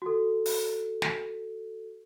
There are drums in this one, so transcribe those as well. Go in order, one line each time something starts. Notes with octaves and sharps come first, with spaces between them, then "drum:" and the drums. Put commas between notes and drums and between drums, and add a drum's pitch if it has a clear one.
F#4 A4
drum: open hi-hat
drum: snare